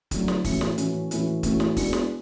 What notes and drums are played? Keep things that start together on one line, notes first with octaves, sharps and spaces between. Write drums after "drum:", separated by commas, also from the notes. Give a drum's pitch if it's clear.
D3 F#3 A3, drum: kick, hi-hat
drum: snare
A2 E3 A3 C#4 F#4, drum: kick, open hi-hat
drum: snare
A2 E3 A3 C#4 F#4, drum: hi-hat
A2 E3 A3 C#4 F#4, drum: hi-hat
A2 E3 A3 C#4 F#4, drum: kick, hi-hat
drum: snare
G#3 B3 D4 F#4, drum: kick, open hi-hat
drum: snare